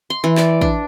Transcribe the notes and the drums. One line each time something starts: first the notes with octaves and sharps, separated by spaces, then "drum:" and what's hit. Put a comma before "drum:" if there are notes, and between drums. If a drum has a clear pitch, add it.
C6
E3
D5, drum: clap
D4, drum: kick